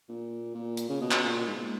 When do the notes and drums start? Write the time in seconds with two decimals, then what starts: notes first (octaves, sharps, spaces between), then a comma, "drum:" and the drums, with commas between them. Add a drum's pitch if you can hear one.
0.09 A#2
0.55 A#2
0.77 drum: hi-hat
0.89 C#3
1.01 B2
1.11 drum: clap
1.24 A#2
1.47 G#2